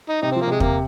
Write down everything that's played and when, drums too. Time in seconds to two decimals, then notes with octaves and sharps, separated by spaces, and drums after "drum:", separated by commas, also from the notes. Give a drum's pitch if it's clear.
0.09 D#4
0.22 C3 D#4
0.32 C4
0.36 F3
0.42 A#3
0.47 C3 G#3
0.60 C3 A#3, drum: kick